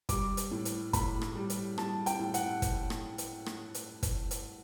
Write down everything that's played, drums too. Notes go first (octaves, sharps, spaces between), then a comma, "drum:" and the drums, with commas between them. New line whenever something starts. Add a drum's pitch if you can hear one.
G3 D6, drum: kick, hi-hat
drum: hi-hat
A2
drum: hi-hat
A2 B5, drum: kick, hi-hat
drum: rim click
G3
drum: hi-hat
G3 A5, drum: rim click
G5, drum: hi-hat
A2
F#5, drum: hi-hat
drum: kick, hi-hat
drum: rim click
drum: hi-hat
drum: rim click
drum: hi-hat
drum: kick, hi-hat
drum: hi-hat